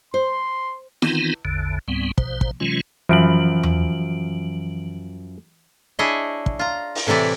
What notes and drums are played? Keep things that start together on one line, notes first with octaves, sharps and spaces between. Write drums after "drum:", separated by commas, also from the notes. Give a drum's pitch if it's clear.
C5 C6
D#3 E3 B3 C4 D#4 F4, drum: snare E4
A1 E2 D3
C#2 G#2 G3 B3 C4
A#1 B2 C5, drum: kick
drum: kick
C3 E3 F#3 G#3 C#4 F4
F#2 E3 F3 D7 F#7
drum: tom E2
D4 E4 G#4 C#5 D#5
drum: kick
F4 A#5
drum: open hi-hat
A2 C3 E3 E4 D5